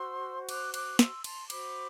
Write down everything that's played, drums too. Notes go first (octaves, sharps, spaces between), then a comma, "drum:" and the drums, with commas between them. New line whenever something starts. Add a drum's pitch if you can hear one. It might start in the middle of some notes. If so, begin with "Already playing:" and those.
Already playing: F#4 C5 C6 E6
D6 F#6, drum: cymbal
D6 F#6, drum: cymbal
C6 E6, drum: snare
A5 C6, drum: cymbal
F#4 C5 B5 D6, drum: cymbal